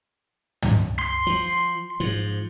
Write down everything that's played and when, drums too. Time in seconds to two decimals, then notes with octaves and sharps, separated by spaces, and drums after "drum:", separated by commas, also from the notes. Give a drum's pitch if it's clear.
0.62 drum: tom
0.99 C6
1.27 F3
2.00 G#2 F3